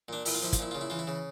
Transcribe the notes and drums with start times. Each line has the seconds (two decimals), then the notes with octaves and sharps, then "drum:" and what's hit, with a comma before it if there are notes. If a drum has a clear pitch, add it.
0.08 A#2 D4
0.25 A#2 E4, drum: open hi-hat
0.34 F4
0.42 F3 E4
0.53 F4, drum: kick, hi-hat
0.59 A#2 E4
0.71 C#3 F4
0.81 E4
0.90 E3 F4
0.99 E4
1.07 C#3